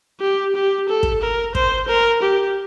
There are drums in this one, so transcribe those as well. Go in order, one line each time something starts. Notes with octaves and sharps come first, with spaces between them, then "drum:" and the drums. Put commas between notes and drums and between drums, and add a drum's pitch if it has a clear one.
G4
G4
A4
drum: kick
A#4
C5, drum: kick
A#4
G4